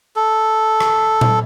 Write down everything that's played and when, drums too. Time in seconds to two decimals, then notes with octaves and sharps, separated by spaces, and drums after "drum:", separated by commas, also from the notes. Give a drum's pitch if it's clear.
0.16 A4
0.80 drum: rim click
1.21 drum: tom A#2